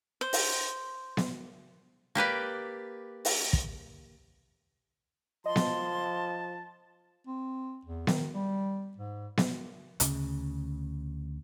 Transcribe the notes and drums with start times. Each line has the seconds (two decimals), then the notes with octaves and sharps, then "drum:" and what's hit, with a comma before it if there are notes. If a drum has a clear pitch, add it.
0.21 C5
0.33 drum: open hi-hat
1.17 drum: snare B3
2.15 A#3 G4 B4 D5
3.25 drum: open hi-hat
3.53 drum: kick
5.46 F3 D#5 A5 C6
5.56 drum: snare B3
7.27 C4
7.85 E2
8.07 D#3, drum: snare B3
8.34 G3
8.97 G#2
9.37 drum: snare B3
10.00 D2 C#3, drum: hi-hat